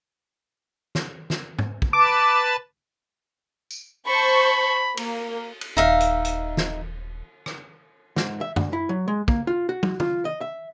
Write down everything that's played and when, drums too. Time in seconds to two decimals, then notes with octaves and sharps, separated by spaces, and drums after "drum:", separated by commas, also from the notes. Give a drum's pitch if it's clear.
0.95 drum: snare
1.30 drum: snare
1.59 drum: tom
1.82 drum: kick
1.93 B4 A5 D6
3.71 drum: tambourine
4.07 C5 A5 B5 C#6
4.97 A#3, drum: cymbal
5.61 drum: cymbal
5.77 D#1 D#4 E5 F5
6.00 drum: hi-hat
6.25 drum: hi-hat
6.57 drum: snare
7.46 drum: rim click
8.16 G#2, drum: snare
8.41 E5
8.56 D2, drum: tom
8.73 E4
8.89 F#3
9.08 G#3
9.28 A#3, drum: kick
9.47 F4
9.69 F#4
9.83 drum: tom
10.00 F4, drum: tom
10.25 D#5
10.41 E5